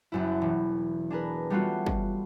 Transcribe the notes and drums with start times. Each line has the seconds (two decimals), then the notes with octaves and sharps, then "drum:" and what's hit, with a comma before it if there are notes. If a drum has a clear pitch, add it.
0.12 F#1 F#2 E4
0.42 E1
1.10 D4 G#4 A#4 B4
1.50 G3 A3 B3 C#4 F4 F#4
1.86 drum: kick